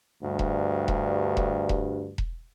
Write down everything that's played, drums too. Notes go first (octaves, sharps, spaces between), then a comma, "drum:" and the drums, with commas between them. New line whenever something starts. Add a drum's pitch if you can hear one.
D2 G2
drum: kick E1
drum: kick E1
drum: kick E1
drum: kick E1
drum: kick E1